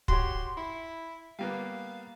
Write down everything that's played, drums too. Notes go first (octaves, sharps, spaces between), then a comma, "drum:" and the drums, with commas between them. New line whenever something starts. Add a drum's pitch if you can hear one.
F#4 G4 C#5 C6, drum: kick
E4 B5
G3 A#3 B3 F5